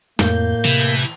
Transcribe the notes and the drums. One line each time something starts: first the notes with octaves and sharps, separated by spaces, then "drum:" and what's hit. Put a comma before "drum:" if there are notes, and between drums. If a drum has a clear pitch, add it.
F2 A2 A#3 G6, drum: snare
C3 E3
drum: cymbal